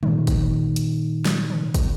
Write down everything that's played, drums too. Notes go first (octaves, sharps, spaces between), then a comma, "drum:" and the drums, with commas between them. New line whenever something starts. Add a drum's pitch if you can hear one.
A#2 D#3, drum: tom
drum: kick, hi-hat
drum: hi-hat
drum: snare
drum: tom
drum: kick, hi-hat